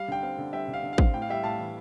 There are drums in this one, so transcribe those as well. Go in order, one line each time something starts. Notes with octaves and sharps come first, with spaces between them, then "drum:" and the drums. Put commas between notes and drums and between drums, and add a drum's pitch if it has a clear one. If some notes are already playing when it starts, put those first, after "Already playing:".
Already playing: G3 F5
D3 G5
C4 F5
D3
G3 E5 G5
D3
F5
D3
F5
C4, drum: kick
A2 G5
F5
G3 E5 G5
A2 F5 A5
E3